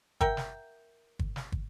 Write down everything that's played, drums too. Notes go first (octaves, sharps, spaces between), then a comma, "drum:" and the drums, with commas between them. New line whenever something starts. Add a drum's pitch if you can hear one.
A#4 E5 F#5 G5, drum: kick
drum: snare
drum: kick
drum: snare
drum: kick